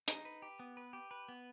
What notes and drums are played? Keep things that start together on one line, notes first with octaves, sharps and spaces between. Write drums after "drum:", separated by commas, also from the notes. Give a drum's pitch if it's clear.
D#4, drum: hi-hat
B4
G4
B3
B4
G4
B4
B3